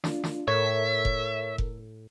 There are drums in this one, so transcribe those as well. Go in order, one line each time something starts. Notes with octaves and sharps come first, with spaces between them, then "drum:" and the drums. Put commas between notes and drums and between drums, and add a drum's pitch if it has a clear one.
D4 F4, drum: snare
drum: snare
A2 A4 A#4 C#5 E5 E6
drum: kick F1
drum: kick F1